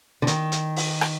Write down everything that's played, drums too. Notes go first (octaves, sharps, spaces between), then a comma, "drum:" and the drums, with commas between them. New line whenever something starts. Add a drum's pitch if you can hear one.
D3
D#3, drum: hi-hat
drum: hi-hat
drum: open hi-hat
drum: rim click